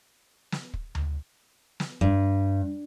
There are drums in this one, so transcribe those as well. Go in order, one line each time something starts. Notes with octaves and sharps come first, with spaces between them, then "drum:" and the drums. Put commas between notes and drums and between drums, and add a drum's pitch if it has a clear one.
drum: snare
drum: kick
drum: tom D2
drum: snare
G2, drum: kick